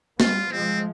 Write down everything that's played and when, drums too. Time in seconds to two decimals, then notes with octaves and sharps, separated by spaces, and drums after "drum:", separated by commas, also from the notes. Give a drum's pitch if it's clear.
0.20 G3 B3 F4, drum: snare A#3
0.51 F3 G#3 C4